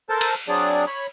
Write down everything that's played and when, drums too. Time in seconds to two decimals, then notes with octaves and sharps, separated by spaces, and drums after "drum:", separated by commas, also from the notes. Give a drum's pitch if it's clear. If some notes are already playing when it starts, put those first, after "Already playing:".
0.09 A4 A#4 C5 A5
0.21 drum: cymbal
0.48 F#3 C4 D4 G#4 D5
0.87 C#5 B5